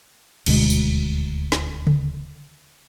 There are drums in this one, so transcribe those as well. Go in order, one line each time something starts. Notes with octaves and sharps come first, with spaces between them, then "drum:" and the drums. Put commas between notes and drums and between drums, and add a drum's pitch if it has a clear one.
D#1 D2 B2 G#3, drum: cymbal
drum: tambourine
drum: snare
drum: tom C#3